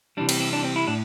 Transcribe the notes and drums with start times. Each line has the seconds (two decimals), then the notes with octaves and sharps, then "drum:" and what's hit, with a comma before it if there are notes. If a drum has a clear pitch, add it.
0.17 C3 E3 G3 D4
0.29 C4, drum: cymbal
0.40 C4
0.53 D4
0.64 C4
0.76 E4
0.87 A2 D4